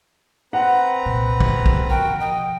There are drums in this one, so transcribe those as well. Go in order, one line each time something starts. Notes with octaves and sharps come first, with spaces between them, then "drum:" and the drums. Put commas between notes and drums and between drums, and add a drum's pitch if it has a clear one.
C4 B4 F#5 A#5
C2 A#2
drum: kick
drum: kick
F3 F#4 A#4 G5
D#5 G5